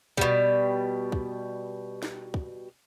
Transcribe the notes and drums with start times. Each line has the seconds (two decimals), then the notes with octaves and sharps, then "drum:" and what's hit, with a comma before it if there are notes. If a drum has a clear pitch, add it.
0.17 B2 G3, drum: kick
1.12 drum: kick
2.03 drum: snare
2.34 drum: kick